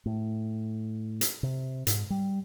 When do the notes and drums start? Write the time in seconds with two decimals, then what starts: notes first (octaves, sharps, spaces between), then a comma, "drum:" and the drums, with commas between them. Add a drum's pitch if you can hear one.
0.06 A2
1.21 drum: hi-hat
1.43 C3
1.87 G#2, drum: hi-hat
2.10 G3